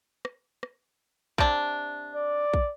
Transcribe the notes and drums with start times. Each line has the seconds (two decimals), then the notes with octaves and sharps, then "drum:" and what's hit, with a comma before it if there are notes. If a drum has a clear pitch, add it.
0.25 drum: rim click
0.63 drum: rim click
1.38 C3 D4, drum: kick A#1
2.15 D5
2.54 drum: kick A#1